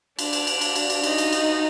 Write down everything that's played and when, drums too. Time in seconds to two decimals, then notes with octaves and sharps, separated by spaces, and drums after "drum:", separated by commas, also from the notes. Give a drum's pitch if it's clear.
0.19 D4, drum: cymbal
0.33 drum: cymbal
0.47 drum: cymbal
0.61 drum: cymbal
0.76 drum: cymbal
0.90 drum: cymbal
1.03 D#4, drum: cymbal
1.18 drum: cymbal
1.32 drum: cymbal